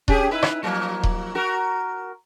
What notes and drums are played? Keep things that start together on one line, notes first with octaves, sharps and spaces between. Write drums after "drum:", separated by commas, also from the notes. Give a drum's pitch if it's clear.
C#4 G4 G#4, drum: kick D#1
D#4 E4 B4
drum: rim click
F3 F#3 A#3
drum: kick D#1
F#4 A#4